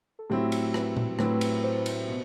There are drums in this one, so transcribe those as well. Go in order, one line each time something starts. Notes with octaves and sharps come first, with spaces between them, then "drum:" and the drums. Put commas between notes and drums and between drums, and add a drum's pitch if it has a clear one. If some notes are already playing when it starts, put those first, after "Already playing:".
A4
A2 F#3 C4 E4 G4
drum: cymbal
B4, drum: rim click
drum: tom A#2
A2 F#3 C4 E4 B4, drum: rim click
drum: cymbal
C5
drum: cymbal
B2